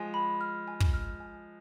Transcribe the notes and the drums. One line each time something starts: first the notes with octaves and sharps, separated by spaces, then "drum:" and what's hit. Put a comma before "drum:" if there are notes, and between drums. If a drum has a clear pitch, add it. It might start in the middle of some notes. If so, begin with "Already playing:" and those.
Already playing: F3 G#3 G#5
B5
F6
G#5
drum: kick
F6
G#5